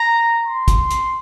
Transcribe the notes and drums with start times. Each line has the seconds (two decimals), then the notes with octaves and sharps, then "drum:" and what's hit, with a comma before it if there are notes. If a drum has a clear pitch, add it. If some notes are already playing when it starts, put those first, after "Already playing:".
Already playing: A#5
0.44 C6
0.68 drum: kick, hi-hat
0.91 drum: hi-hat